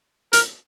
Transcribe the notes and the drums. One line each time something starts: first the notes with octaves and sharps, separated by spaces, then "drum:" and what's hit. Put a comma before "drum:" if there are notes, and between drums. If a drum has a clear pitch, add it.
A#4, drum: hi-hat